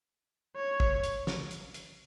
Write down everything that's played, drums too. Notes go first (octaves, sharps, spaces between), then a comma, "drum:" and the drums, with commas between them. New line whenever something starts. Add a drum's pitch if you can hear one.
C#5
drum: kick
drum: hi-hat
drum: snare
drum: hi-hat
drum: hi-hat